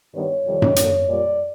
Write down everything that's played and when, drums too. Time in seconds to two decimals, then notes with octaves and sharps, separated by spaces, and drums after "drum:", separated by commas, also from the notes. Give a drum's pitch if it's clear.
0.14 G2 D#3 G3 B3 C#5
0.45 F2 C3 D#3 G3
0.62 drum: tom F#2
0.76 D#2 D3 F#3 A#3, drum: hi-hat
1.08 A#2 G3 A#3 D5